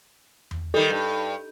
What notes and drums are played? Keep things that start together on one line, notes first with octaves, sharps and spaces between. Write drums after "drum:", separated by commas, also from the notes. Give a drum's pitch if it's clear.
drum: tom E2
D#3 G3 A4
G2